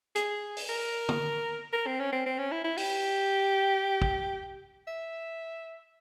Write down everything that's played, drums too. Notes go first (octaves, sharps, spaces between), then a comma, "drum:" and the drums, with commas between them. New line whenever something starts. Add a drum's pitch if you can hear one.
G#4, drum: hi-hat
drum: open hi-hat
A#4
drum: tom
A#4
C4
C#4
C4
C4
C#4
E4
E4
G4, drum: open hi-hat
drum: kick
E5